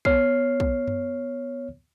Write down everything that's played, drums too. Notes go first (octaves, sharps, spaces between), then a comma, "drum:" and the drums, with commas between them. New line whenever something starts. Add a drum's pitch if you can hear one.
B3 C#5 F6 C7, drum: kick
drum: kick
drum: tom F#2